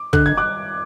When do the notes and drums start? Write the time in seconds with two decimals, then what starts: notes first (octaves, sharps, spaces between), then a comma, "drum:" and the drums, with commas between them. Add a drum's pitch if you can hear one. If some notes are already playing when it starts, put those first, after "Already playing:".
Already playing: D6
0.13 D3 F#6, drum: kick
0.26 G#6
0.37 D6 F#6